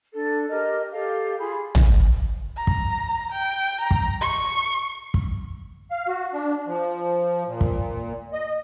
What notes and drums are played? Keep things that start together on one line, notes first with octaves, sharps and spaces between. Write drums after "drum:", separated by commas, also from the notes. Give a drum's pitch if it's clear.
D4 A4
G4 A#4 D#5
G4 A4 F5
F4 G#4 B5
drum: tom
A#5
drum: kick
G5
A#5
drum: kick
C#6
drum: kick
F5
F#4
D4
F3
A#2
drum: kick
D#5